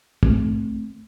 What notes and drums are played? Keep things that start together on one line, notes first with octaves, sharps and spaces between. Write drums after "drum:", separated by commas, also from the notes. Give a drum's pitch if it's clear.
A3 C4, drum: kick